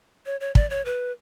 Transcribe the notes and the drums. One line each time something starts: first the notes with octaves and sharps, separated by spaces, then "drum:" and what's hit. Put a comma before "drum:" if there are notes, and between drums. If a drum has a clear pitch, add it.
C#5
C#5
D5, drum: kick
C#5
B4